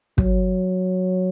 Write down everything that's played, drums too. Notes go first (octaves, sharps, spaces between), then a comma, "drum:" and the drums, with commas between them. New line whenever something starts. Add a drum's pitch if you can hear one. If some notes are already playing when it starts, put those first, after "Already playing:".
F#3, drum: kick